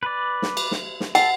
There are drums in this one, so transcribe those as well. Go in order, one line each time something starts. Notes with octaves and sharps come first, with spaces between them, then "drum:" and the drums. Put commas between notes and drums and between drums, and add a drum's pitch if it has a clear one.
B4 D5
drum: snare
drum: cymbal
drum: snare
drum: snare
A4 F#5, drum: cymbal